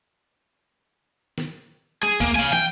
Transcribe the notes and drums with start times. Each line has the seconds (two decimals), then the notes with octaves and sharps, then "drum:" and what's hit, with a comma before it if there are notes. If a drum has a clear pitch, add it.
1.38 drum: snare
2.03 G#4, drum: tom
2.20 A#3, drum: kick
2.36 F5 G#5
2.53 G5, drum: tom